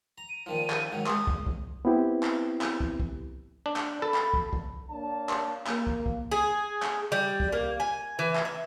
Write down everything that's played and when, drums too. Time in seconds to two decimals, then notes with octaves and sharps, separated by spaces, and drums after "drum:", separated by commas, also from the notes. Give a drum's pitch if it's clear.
0.18 A#5
0.30 D#7
0.46 A#2 D#3 F3
0.70 drum: clap
0.92 G#2 D#3 F#3
1.06 G#3 D#6, drum: clap
1.27 drum: kick
1.46 drum: kick
1.85 B3 C4 E4 G4
2.23 drum: clap
2.61 drum: clap
2.80 drum: kick
3.00 drum: kick
3.66 D4
3.76 drum: clap
4.02 A4 B5
4.14 drum: clap
4.34 drum: kick
4.53 drum: kick
4.89 A#3 D4 C#5 A5
5.29 drum: clap
5.67 A#3, drum: clap
5.87 drum: kick
6.06 drum: kick
6.31 G#4
6.82 drum: clap
7.12 G3
7.40 drum: kick
7.53 A#3
7.80 G#5
8.19 E3
8.36 drum: clap
8.45 E5